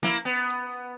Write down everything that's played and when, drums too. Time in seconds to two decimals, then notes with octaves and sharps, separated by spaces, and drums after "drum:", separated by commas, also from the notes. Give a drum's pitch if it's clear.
0.03 A#3 E4, drum: snare
0.25 B3
0.50 drum: hi-hat